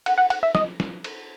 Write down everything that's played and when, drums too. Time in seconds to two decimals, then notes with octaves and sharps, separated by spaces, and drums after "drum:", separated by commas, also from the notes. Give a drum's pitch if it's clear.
0.06 F#5, drum: cymbal
0.18 F#5
0.30 F#5, drum: cymbal
0.43 E5
0.55 D#5, drum: snare
0.80 drum: snare
1.04 drum: cymbal